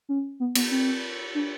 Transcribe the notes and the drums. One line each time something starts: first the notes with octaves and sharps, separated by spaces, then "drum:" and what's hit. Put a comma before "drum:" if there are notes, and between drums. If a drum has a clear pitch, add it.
C#4
B3
B3, drum: cymbal
C4
D4